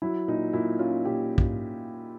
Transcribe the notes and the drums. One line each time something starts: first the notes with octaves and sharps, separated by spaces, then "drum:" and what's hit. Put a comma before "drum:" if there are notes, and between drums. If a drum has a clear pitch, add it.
F#3 E4
A#2 D#4
A#2 E4
C#4 F4
A#2 G4
drum: kick